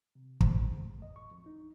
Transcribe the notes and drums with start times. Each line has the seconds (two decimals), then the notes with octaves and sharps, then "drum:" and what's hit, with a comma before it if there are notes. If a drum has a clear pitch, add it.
0.15 C3
0.41 C5, drum: kick
0.61 G#2
0.76 A3
1.02 D#5
1.16 C#6
1.31 F2
1.46 D#4